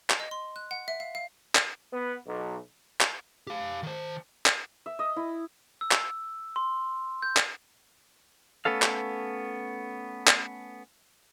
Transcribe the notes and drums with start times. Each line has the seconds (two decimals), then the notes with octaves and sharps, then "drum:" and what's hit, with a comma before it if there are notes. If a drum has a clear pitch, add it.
0.10 drum: clap
0.20 D#5
0.31 C6
0.56 F#6
0.71 F#5
0.88 E5
1.00 F5
1.15 F5
1.55 drum: clap
1.92 B3
2.26 B1
3.01 drum: clap
3.47 G4 F5
3.83 D#3 C5
4.46 drum: clap
4.86 E5
4.99 D#5
5.16 E4
5.81 E6
5.91 drum: clap
6.56 C6
7.22 G6
7.37 drum: clap
8.65 A3 B3 C#4 A4 F5
8.82 drum: clap
10.27 drum: clap